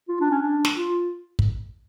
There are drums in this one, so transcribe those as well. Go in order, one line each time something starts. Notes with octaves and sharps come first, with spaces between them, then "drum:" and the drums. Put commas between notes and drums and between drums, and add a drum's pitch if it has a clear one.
F4
D4
C#4
D4
drum: snare
F4
drum: kick